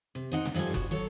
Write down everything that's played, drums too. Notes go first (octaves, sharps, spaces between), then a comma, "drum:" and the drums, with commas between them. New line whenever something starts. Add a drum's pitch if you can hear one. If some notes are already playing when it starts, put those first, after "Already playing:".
C3
C4 D#4 F#5
drum: snare
G2 F3 G3 A4 G#5
F#4, drum: kick F#1
F#3 A4 C#5